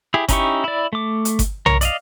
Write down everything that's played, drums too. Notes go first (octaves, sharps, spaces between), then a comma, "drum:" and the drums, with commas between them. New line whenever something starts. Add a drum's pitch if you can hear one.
E4 G4 G#4
C#4 D#4 E4 G4 C#6, drum: kick G1, hi-hat
E4 D5
A3 D6
drum: hi-hat
drum: kick G1, hi-hat
A#4 C#5, drum: tom B1
D5 D#5 F5, drum: hi-hat